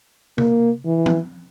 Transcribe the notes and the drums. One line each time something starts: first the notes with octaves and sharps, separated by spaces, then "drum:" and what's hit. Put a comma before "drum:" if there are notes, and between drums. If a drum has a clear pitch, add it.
A#3, drum: tom C3
E3
drum: tom